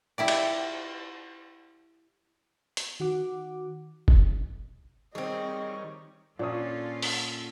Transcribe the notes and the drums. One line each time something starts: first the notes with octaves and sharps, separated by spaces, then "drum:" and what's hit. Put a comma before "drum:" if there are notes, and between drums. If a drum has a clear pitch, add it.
E4 G4 D5
drum: cymbal
drum: hi-hat
D#3 F#4 F#5 D6
drum: kick F1
D#3 G3 C4 G#4 C#5 D#5
A#2 C#4 D4 F4 A4 C#5 D#6
drum: open hi-hat